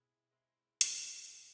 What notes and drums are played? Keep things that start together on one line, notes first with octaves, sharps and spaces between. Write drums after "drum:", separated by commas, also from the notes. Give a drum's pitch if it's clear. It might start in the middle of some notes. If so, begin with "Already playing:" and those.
Already playing: B2 G#3 C4 E4
G#3 C4 E4
A#3 D#4 G#4, drum: hi-hat
A#2 A#3 D#4 G#4